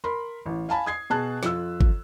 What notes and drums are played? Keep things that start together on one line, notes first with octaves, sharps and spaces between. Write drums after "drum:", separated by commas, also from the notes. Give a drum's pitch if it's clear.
A#4 B5 C6
A1
F5 G#5 A5 B5
D#6 G#6 C7
B2 G#4 A5 F#6
F2 F4 E6, drum: snare
drum: kick G1